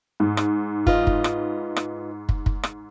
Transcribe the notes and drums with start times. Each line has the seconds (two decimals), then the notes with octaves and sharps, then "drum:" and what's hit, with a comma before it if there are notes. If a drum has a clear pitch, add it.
0.20 G#2
0.37 drum: rim click
0.87 F4 B4 D#5, drum: kick
1.07 drum: kick
1.24 drum: rim click
1.76 drum: rim click
2.29 drum: kick
2.46 drum: kick
2.63 drum: rim click